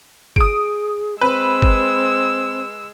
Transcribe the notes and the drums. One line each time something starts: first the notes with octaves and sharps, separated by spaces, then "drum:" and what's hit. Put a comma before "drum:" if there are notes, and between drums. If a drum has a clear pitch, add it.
G#4 D#6 D7, drum: kick G1
G#3 C4 B4 E6
drum: kick G1